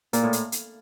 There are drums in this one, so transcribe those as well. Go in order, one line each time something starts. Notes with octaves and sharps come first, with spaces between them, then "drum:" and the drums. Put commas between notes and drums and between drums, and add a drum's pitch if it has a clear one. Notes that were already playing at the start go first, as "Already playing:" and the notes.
A#2 A#3, drum: hi-hat
A2
drum: hi-hat
drum: hi-hat